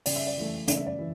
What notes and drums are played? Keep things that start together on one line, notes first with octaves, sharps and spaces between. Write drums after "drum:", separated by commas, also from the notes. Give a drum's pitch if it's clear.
C#3 D5, drum: open hi-hat
E5
D5
E3 A3
C#3 D5, drum: hi-hat
E5
D5
E3